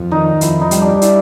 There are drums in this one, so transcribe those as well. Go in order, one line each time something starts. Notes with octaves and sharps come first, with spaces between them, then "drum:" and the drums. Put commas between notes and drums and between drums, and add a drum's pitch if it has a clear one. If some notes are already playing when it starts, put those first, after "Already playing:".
Already playing: F2
D#3 D#4
F2 E4, drum: hi-hat
D#4
G3, drum: hi-hat
D4
E4, drum: hi-hat